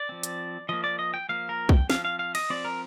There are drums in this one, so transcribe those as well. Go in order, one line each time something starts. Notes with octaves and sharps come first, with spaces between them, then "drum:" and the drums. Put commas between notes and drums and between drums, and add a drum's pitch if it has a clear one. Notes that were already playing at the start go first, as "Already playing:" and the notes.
Already playing: D5
F3 C4
drum: hi-hat
F3 A#3 D#5
D5
D#5
G5
F3 A#3 F5
A#4
G5, drum: kick
F3 C4 F5, drum: snare
F5
F5
D#5, drum: cymbal
F3 C4 D5
A#4